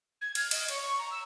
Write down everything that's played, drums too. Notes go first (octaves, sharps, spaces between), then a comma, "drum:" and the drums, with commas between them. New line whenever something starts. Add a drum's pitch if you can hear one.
G#6
F6, drum: cymbal
D#5, drum: cymbal
C#5, drum: cymbal
C#6
A#5
E6